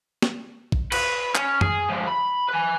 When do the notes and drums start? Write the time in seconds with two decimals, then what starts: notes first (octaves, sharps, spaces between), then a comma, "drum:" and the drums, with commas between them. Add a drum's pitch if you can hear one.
0.22 drum: snare
0.72 drum: kick
0.92 B4, drum: cymbal
1.35 C#4, drum: clap
1.61 G#4, drum: tom F#2
1.90 F3 G#3
2.07 B5
2.48 B4 G#5